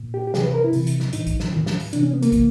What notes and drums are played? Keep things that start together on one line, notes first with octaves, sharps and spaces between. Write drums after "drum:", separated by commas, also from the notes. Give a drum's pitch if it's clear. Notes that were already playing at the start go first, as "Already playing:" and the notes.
Already playing: A#2
G4
G4
C3 E3 G#4, drum: snare
B4
A#4
E4
C3 E3, drum: open hi-hat
drum: hi-hat
drum: snare
A2 E3 D#4, drum: hi-hat
drum: kick, hi-hat
drum: snare
A2 E3, drum: tom D#3
drum: snare
drum: open hi-hat
C3 E3 D4, drum: hi-hat
C#4
B3
A#3, drum: hi-hat
C3 E3, drum: kick, hi-hat